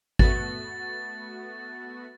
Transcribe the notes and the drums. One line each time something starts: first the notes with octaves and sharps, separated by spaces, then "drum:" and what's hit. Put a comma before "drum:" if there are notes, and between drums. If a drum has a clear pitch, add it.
A3 B3 F#4 A6, drum: kick G#1